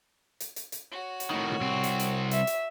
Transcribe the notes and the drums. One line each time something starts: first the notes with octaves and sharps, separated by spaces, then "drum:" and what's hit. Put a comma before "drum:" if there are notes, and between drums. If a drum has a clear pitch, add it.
drum: hi-hat
drum: hi-hat
drum: hi-hat
F#4 C#5
drum: hi-hat
A2 D#3
drum: tom A2
C2 C4
drum: hi-hat
drum: hi-hat
E5, drum: hi-hat
drum: hi-hat